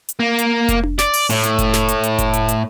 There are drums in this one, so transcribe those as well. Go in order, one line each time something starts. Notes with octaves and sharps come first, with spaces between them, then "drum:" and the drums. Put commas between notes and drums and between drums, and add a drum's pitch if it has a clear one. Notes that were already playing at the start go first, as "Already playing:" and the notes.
drum: hi-hat
A#3
drum: hi-hat
drum: kick F1, hi-hat
drum: tom D4
D5, drum: snare
drum: open hi-hat
A2, drum: hi-hat
drum: hi-hat
drum: kick F1, hi-hat
drum: snare
drum: hi-hat
drum: hi-hat
drum: kick F1, hi-hat
drum: hi-hat
drum: hi-hat